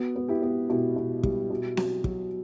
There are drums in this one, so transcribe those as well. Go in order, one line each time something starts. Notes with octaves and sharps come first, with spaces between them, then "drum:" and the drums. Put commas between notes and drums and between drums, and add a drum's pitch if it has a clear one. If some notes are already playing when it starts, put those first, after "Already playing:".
Already playing: B3 F#4
B3
E4 G4
B3
B2 E4 G4
B2
G3, drum: kick
B2
F#3, drum: snare C4
F#3, drum: kick